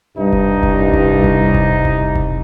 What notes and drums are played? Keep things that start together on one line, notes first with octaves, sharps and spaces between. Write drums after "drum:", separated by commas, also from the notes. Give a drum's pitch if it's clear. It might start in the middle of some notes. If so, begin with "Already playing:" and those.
C2 G2 D#4
drum: kick F1
drum: kick F1
drum: kick F1
drum: kick F1
drum: kick F1
drum: kick F1
drum: kick F1